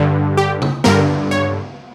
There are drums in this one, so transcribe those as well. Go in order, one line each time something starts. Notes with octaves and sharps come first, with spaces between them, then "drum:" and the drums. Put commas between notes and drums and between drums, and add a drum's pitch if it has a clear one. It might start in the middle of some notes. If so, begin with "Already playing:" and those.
Already playing: G2 D3
G4
drum: tom C#3
G2 D3 A#4, drum: snare
C#5